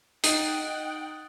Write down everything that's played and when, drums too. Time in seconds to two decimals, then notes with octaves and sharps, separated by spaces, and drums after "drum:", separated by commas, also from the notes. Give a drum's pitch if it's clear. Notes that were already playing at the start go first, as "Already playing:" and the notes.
0.24 D#4 F#5 G5 D#6 F#6 A6, drum: hi-hat